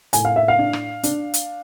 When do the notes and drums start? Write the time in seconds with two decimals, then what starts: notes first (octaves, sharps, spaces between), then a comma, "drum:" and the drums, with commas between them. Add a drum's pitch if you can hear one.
0.13 A2 G#5, drum: hi-hat
0.25 F5
0.36 E5
0.48 F5
0.58 D4
0.73 drum: rim click
1.03 D4, drum: hi-hat
1.34 drum: hi-hat